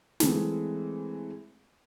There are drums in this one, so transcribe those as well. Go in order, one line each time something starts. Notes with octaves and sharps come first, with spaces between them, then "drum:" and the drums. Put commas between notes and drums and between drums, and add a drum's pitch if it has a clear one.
E3 G#3 A3 C4, drum: snare